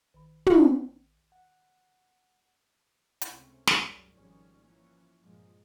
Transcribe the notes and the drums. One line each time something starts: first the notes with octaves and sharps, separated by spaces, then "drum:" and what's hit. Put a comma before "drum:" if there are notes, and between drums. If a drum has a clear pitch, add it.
A1 D#3 B5
drum: tom
F#5
C#2 C3 A3 C4 C#4, drum: hi-hat
C2 F#2 G3 G#3 C#4, drum: snare
G#1 D#3 F3 G3 G#3 C#4
E3 F3 A#3 C#4
G2 A#2 F3 G#3 A#3